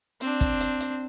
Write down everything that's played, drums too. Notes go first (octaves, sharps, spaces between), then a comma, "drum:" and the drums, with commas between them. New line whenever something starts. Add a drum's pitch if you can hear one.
C4 D4, drum: hi-hat
drum: kick, hi-hat
drum: hi-hat
drum: hi-hat